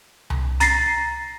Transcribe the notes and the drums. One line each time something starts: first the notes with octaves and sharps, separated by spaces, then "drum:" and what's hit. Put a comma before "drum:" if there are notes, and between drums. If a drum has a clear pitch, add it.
drum: tom C2
A#5 A6 A#6 C7, drum: hi-hat